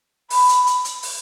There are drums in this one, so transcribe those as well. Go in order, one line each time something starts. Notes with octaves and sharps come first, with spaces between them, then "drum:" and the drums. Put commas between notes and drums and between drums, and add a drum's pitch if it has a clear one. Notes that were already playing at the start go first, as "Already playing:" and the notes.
B5, drum: open hi-hat
drum: hi-hat
drum: hi-hat
drum: hi-hat
drum: open hi-hat